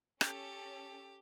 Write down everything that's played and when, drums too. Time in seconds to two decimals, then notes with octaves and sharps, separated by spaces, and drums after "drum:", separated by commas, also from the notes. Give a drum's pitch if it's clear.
0.21 C#4 G4 A4, drum: rim click